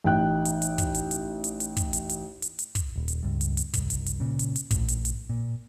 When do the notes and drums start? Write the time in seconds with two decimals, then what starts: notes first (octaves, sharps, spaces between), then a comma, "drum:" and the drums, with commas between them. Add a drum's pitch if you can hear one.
0.04 A1 D#4 G5 F#6
0.45 drum: hi-hat
0.62 drum: hi-hat
0.78 drum: kick, hi-hat
0.94 drum: hi-hat
1.11 drum: hi-hat
1.44 drum: hi-hat
1.60 drum: hi-hat
1.77 drum: kick, hi-hat
1.93 drum: hi-hat
2.09 drum: hi-hat
2.42 drum: hi-hat
2.59 drum: hi-hat
2.75 drum: kick, hi-hat
2.96 D#1
3.08 drum: hi-hat
3.23 C#2 G2
3.41 drum: hi-hat
3.57 drum: hi-hat
3.74 F#1 C2, drum: kick, hi-hat
3.90 drum: hi-hat
4.06 drum: hi-hat
4.20 A#2 C#3
4.39 drum: hi-hat
4.56 drum: hi-hat
4.71 A#1 A2, drum: kick, hi-hat
4.88 drum: hi-hat
5.05 drum: hi-hat
5.30 A#2